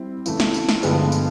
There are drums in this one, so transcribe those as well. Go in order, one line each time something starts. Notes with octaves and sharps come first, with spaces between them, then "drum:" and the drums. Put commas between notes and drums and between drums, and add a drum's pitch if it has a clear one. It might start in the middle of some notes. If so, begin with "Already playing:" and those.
Already playing: G3 C4 E4
C#3 E3 A3, drum: tambourine
drum: snare
drum: tambourine
drum: snare
G2 D3 F3 G#3 B3, drum: tambourine
drum: tambourine